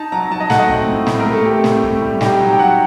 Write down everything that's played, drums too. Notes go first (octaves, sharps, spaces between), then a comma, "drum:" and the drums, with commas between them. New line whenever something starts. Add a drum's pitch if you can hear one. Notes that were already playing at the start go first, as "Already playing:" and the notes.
Already playing: D#4 A5
F#3 A#5
F#3 A5
D#5
A3 F#5, drum: snare
D#5
C4, drum: kick
A2
A2, drum: snare
A#4
A3
A4
C4 G4
A2, drum: snare
A2, drum: kick
G3
D#4 G4, drum: snare
F#3
G5
F#3 F#5